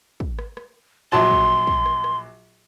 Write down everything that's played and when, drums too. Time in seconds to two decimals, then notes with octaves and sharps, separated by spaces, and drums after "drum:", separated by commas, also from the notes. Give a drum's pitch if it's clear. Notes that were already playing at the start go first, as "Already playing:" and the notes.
0.20 drum: kick
0.39 drum: rim click
0.57 drum: rim click
1.12 A#1 F#3 A5 C6
1.31 drum: kick
1.67 drum: kick
1.86 drum: rim click
2.04 drum: rim click